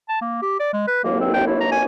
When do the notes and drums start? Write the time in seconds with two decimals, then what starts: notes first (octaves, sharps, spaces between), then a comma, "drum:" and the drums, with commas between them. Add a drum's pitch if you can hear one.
0.09 A5
0.21 A#3
0.42 G4
0.60 D5
0.73 G#3
0.87 B4
1.04 A#3, drum: cymbal
1.20 C4
1.33 G5
1.47 E4
1.60 A#5
1.72 G#5